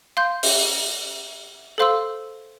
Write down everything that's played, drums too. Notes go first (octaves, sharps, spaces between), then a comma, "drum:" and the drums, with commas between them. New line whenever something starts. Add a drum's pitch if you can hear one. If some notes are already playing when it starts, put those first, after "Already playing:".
F5 C6 G6
drum: open hi-hat
A4 C5 F5 C6 E6